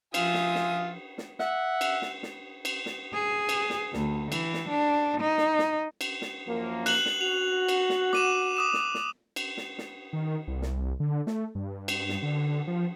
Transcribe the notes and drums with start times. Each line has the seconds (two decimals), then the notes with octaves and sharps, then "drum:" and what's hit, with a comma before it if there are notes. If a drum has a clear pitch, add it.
0.14 F3 F4 E5 G#5 D#6, drum: cymbal
0.34 drum: snare
0.55 drum: snare
1.18 drum: snare
1.39 E5 F#5, drum: snare
1.81 drum: cymbal
2.02 drum: snare
2.23 drum: snare
2.65 drum: cymbal
2.86 drum: snare
3.14 G#4
3.49 drum: cymbal
3.70 drum: snare
3.93 D2, drum: snare
4.32 E3, drum: cymbal
4.54 drum: snare
4.69 D4
5.21 D#4
5.38 drum: snare
5.59 drum: snare
6.01 drum: cymbal
6.22 drum: snare
6.48 F#2 F3 A#3
6.86 F#6 F#7, drum: cymbal
7.06 drum: snare
7.21 F#4 F7
7.68 drum: cymbal
7.89 drum: snare
8.13 D6 D#7 E7, drum: snare
8.57 D6 D#6 E7
8.73 drum: snare
8.94 drum: snare
9.36 drum: cymbal
9.57 drum: snare
9.78 drum: snare
10.13 D#3
10.48 C2
10.62 drum: snare
11.00 D3
11.27 A3, drum: snare
11.55 G2
11.88 drum: cymbal
12.09 drum: snare
12.23 D3
12.67 F3